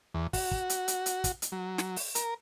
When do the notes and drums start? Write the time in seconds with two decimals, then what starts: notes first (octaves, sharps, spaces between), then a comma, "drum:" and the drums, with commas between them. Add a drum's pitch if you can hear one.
0.15 E2
0.33 F#4, drum: kick, open hi-hat
0.51 drum: kick
0.70 drum: hi-hat
0.88 drum: hi-hat
1.06 drum: hi-hat
1.24 drum: kick, hi-hat
1.42 drum: hi-hat
1.52 F#3
1.78 drum: snare
1.96 drum: open hi-hat
2.15 A#4, drum: hi-hat